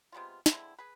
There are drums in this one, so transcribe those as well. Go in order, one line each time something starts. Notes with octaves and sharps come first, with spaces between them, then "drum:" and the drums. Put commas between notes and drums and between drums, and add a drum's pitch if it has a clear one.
C3 G#3 B3 F4
D3 G#3 C4 E4, drum: snare
G#4 B4